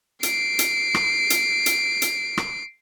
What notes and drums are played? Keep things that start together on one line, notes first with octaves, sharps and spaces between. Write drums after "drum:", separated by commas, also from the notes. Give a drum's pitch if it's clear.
C7 D7, drum: hi-hat
drum: hi-hat
drum: rim click
drum: hi-hat
drum: hi-hat
drum: hi-hat
drum: rim click